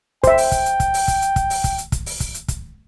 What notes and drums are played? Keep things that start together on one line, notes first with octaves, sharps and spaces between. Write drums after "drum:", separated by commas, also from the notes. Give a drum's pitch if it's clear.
C5 E5 G5, drum: kick, hi-hat
drum: open hi-hat
drum: kick, hi-hat
drum: hi-hat
drum: kick, hi-hat
drum: open hi-hat
drum: kick, hi-hat
drum: hi-hat
drum: kick, hi-hat
drum: open hi-hat
drum: kick, hi-hat
drum: hi-hat
drum: kick, hi-hat
drum: open hi-hat
drum: kick, hi-hat
drum: hi-hat
drum: kick, hi-hat